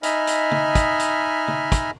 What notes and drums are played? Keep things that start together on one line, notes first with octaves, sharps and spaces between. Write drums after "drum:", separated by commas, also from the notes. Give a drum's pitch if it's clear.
D#4 D#5 E5 G#5 B5 F6, drum: hi-hat
drum: hi-hat
drum: tom
drum: kick, hi-hat
drum: hi-hat
drum: tom
drum: kick, hi-hat